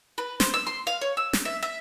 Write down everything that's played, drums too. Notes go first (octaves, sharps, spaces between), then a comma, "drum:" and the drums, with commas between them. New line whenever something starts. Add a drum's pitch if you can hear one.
B4
C5, drum: snare
E6
C6
F5
C#5
E6
drum: snare
E5
E5